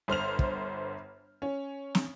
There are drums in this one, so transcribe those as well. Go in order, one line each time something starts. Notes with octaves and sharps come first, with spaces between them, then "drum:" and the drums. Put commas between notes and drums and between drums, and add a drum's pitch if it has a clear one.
G1 C5 F6 F7
drum: kick
C#4
drum: snare